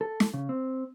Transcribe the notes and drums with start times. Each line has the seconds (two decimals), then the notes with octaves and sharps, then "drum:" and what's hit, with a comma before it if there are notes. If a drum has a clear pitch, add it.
0.01 A4
0.20 drum: snare
0.34 C#3
0.49 C4